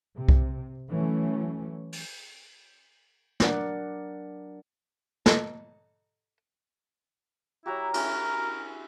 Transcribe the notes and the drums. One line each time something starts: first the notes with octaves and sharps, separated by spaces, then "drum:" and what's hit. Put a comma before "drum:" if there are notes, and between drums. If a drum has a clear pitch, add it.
C3
drum: kick C2
E3 F#3 A3 C#4
drum: open hi-hat
F#3 D4 A#4 D5 F#5, drum: snare
A4 D#5, drum: snare
F#3 E4 F#4 G4 A#5
G#3 E4 F#4 A#4, drum: cymbal